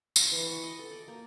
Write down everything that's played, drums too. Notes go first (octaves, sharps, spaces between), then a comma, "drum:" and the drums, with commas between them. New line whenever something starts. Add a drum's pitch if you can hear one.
C6, drum: tambourine
E3
C#6
D#5
A4
D5
A#3